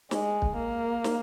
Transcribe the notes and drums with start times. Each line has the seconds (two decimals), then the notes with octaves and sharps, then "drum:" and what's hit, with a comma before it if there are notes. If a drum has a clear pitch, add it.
0.11 G#3, drum: snare
0.42 drum: kick
0.57 A#3
1.04 drum: snare